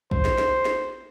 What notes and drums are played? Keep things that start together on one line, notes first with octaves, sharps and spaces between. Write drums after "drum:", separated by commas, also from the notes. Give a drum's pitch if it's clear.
C5, drum: kick
drum: snare
drum: snare
drum: snare